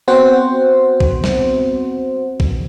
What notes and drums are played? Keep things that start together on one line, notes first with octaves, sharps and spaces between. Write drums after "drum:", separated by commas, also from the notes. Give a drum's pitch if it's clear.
B3 C4 F#4 C5 F#5
drum: kick
drum: snare
drum: kick